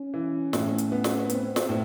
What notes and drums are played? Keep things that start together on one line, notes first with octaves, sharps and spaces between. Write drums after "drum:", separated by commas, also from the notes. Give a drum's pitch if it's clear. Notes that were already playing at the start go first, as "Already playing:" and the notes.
Already playing: C#4
E3
A2, drum: snare
drum: hi-hat
B3
drum: snare
B3 C4, drum: hi-hat
drum: snare
A2